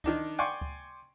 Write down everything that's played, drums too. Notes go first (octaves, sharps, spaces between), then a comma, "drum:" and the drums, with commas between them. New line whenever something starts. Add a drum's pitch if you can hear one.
D#3 D4 D#4, drum: kick C#2
D5 G5 G#5 C6 C#6
drum: kick C#2